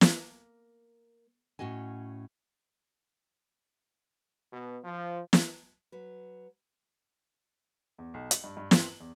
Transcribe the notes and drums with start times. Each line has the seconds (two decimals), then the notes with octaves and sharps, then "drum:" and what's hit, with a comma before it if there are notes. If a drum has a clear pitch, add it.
0.01 A#3, drum: snare
1.59 A2 C#4 F#4 D#5 G#5
4.52 B2
4.84 F3
5.33 drum: snare
5.92 F#3 B4
7.98 E2
8.14 B1
8.31 F#7, drum: hi-hat
8.44 G2
8.57 G2
8.71 C4, drum: snare
8.86 F#7
9.00 E2